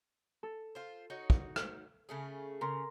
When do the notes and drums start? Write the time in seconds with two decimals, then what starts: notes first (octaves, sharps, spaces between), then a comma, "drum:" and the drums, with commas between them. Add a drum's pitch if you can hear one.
0.43 A4
0.75 F4 C5
1.10 D#4 F#4 C#5
1.30 drum: kick
1.56 drum: rim click
2.09 C#3 A3 G#4
2.61 C#3 A#4 A#5 C6